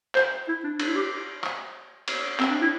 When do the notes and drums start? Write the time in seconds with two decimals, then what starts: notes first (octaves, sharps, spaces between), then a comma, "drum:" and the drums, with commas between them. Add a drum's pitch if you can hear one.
0.15 C5, drum: clap
0.48 E4
0.64 D4
0.80 D4, drum: cymbal
0.88 E4
0.95 G4
1.44 drum: clap
2.08 drum: cymbal
2.40 C4, drum: clap
2.50 D4
2.61 E4